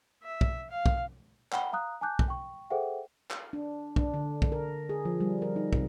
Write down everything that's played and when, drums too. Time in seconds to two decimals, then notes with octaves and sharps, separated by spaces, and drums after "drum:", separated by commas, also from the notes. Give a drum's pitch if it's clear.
0.23 E5
0.41 drum: kick
0.70 F5
0.86 drum: kick
1.52 F#5 G5 B5 G7, drum: clap
1.73 F5 A#5 D#6 F#6
2.01 G#5 A5 D6 F#6 G6
2.19 drum: kick
2.28 G5 C#6
2.70 G#4 A4 C5 E5 F#5 G5
3.31 drum: clap
3.53 D4
3.96 D4, drum: kick
4.14 D3
4.42 drum: kick
4.52 A#4
4.89 G#4
5.05 F3
5.20 G3
5.42 A#4
5.56 D#4
5.73 C3, drum: kick